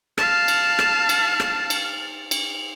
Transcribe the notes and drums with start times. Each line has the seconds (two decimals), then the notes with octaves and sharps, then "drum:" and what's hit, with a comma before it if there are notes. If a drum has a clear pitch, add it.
0.18 F5 A5, drum: rim click
0.48 drum: cymbal
0.79 drum: rim click
1.09 drum: cymbal
1.40 drum: rim click
1.70 drum: cymbal
2.31 drum: cymbal